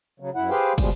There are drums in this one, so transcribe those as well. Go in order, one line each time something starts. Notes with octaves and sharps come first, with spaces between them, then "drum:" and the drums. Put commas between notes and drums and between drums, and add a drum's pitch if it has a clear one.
C#3 F#3
F#2 E4 F#5
G4 G#4 B4 C5 F5 G5
B2 F3 G3 G#3, drum: kick, cymbal